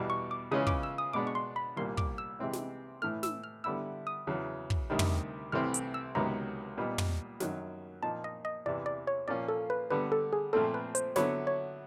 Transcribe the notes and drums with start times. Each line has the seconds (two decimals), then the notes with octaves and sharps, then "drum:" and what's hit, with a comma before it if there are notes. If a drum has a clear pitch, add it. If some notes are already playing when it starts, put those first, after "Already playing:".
Already playing: E2 B2 G3
0.10 C#6
0.31 D6
0.51 C#3 E3 G#3 C#4 F4 D#6
0.67 D6, drum: kick
0.83 E6
0.98 D#6
1.13 B2 G#3 B3 D4 D6
1.27 C#6
1.35 C6
1.56 B5
1.77 C2 A#2 G3 A#3 C6
1.97 D6, drum: kick
2.18 E6
2.39 C3 E3 G#3 C4 D#4
2.53 drum: snare
3.02 A2 E3 A3 F6
3.23 E6, drum: snare
3.44 F6
3.64 D3 G3 B3 E4 E6
4.07 D#6
4.27 E2 C#3 F#3
4.70 drum: kick
4.90 D2 C3 D#3 G3
4.99 drum: tom
5.52 C2 C3 E3 A3 C4 F6
5.74 drum: hi-hat
5.94 E6
6.15 C#2 C3 D#3 F#3 B3 A#5
6.78 A#2 G3 B3 D#4
6.98 drum: tom
7.40 F#2 D#3 F#3, drum: snare
8.03 A#2 F3 A#3 D#4 A5
8.24 D#5
8.45 D#5
8.66 E2 C3 E3 D5
8.86 D5
9.07 C#5
9.28 A#2 F3 A#3 C#4 F4 D5
9.48 A4
9.70 B4
9.90 D3 G3 B3 B4
10.12 A4
10.33 G#4
10.53 A#2 F3 A3 C4 A4
10.74 B4
10.95 C5, drum: hi-hat
11.16 D3 F#3 B3 E4 C#5, drum: snare
11.47 C#5